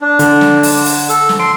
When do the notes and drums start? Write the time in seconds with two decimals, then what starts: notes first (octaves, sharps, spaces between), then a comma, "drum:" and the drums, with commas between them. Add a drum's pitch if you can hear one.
0.01 D4
0.19 D3, drum: hi-hat
0.41 drum: snare
0.63 drum: open hi-hat
0.85 drum: open hi-hat
1.09 A4, drum: hi-hat
1.29 drum: snare
1.40 C6 D7